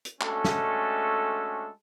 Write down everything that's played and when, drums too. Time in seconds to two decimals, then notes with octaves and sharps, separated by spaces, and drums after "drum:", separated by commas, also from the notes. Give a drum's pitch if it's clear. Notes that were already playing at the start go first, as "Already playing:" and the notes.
0.05 drum: hi-hat
0.21 G#3 A3 C#4 D4 F#4 A4, drum: clap
0.45 drum: snare